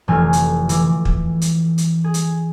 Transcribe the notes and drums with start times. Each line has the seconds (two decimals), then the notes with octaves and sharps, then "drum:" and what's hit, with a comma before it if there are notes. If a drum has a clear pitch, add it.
0.08 F1 E3 A3 G#5 F6
0.33 drum: hi-hat
0.69 E3 D6, drum: hi-hat
1.05 drum: kick
1.42 drum: hi-hat
1.78 drum: hi-hat
2.04 G#4
2.14 drum: hi-hat